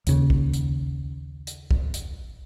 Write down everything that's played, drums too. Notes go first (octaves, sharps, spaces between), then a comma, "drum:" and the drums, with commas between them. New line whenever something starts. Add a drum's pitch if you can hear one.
D#2 C#3, drum: hi-hat
drum: kick B1
drum: hi-hat
drum: hi-hat
drum: kick B1
drum: hi-hat